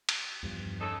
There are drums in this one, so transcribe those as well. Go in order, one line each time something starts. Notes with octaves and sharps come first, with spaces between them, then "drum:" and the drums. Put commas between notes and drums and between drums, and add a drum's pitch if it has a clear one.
drum: cymbal
E2 G2 F3
C#3 D#4 A4